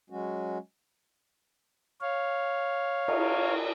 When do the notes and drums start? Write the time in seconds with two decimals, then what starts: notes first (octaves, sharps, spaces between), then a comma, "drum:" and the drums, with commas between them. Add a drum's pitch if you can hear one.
0.10 F#3 G#3 C#4 F#4
2.02 C#5 F5
3.08 drum: cymbal